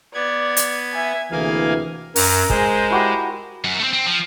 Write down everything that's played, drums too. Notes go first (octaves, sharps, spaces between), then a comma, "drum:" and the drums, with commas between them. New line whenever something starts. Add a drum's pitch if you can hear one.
B3 D5 G#6
drum: hi-hat
E5 G#5
D2 C3 E3 A#3 G#4 F5 G#5
F#2 A#4, drum: open hi-hat
G#3 G#4 C5, drum: kick
E4 F#4 G4
F#2
A3 C4
C4
F3